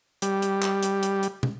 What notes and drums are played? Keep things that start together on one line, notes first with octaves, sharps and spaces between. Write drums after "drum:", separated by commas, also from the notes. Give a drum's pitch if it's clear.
G3, drum: hi-hat
drum: hi-hat
drum: clap
drum: hi-hat
drum: hi-hat
drum: hi-hat
drum: tom